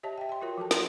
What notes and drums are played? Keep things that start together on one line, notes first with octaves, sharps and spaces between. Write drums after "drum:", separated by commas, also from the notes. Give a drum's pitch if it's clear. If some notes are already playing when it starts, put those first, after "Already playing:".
G4 C#5 D#5 E5 A5
E5 G5
G5 C6
F4 F#4 A#4 C#5
F3 F#4 A4 A5
A#5 C6, drum: snare